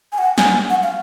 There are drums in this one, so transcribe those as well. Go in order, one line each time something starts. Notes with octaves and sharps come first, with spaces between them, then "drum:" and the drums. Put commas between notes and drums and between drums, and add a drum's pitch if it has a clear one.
G#5
F#5
G#5, drum: snare
F#5
F5